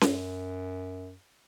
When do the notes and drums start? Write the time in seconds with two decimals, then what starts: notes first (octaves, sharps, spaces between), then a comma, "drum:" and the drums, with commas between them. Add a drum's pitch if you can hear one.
0.01 F#2, drum: snare C#4